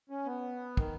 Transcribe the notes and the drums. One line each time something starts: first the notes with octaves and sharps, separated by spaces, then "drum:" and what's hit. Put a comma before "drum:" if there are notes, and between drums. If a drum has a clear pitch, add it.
C#4
B3
D#3, drum: kick